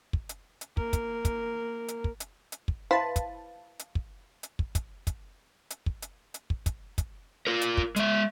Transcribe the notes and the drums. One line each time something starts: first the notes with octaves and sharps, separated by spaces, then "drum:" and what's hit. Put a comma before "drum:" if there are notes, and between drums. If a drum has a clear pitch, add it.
drum: kick
drum: hi-hat
drum: hi-hat
A#3 A#4, drum: kick
drum: kick, hi-hat
drum: kick, hi-hat
drum: hi-hat
drum: kick
drum: hi-hat
drum: hi-hat
drum: kick
E4 B4 C5 F5 A5
drum: kick, hi-hat
drum: hi-hat
drum: kick
drum: hi-hat
drum: kick
drum: kick, hi-hat
drum: kick, hi-hat
drum: hi-hat
drum: kick
drum: hi-hat
drum: hi-hat
drum: kick
drum: kick, hi-hat
drum: kick, hi-hat
F4 A#4
drum: hi-hat
drum: kick
G#3 E5, drum: hi-hat